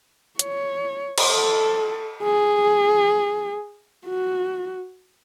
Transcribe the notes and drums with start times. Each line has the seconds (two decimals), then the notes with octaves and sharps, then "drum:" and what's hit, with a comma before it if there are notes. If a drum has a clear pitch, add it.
0.39 C#5, drum: hi-hat
1.18 drum: cymbal
1.31 A4
2.23 G#4
4.07 F#4